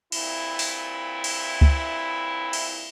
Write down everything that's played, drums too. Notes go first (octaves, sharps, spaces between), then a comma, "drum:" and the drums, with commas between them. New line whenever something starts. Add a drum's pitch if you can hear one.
G2 A#2 C4 E4, drum: cymbal
drum: open hi-hat
drum: cymbal
drum: kick C#2
drum: cymbal